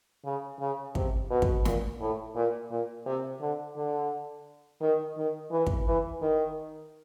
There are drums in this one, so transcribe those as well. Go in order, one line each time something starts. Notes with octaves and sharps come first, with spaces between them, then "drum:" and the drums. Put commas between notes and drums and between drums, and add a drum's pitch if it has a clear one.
C#3
C#3
C3, drum: kick
B2
drum: kick
A#2, drum: snare
A2
A#2
A#2
C3
D3
D3
D#3
D#3
E3
drum: kick
E3
D#3